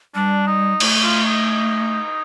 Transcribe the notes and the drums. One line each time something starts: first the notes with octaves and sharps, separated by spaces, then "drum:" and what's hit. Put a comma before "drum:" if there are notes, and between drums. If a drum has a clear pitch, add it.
G3 D4
D#4
A3, drum: cymbal
F4
D#4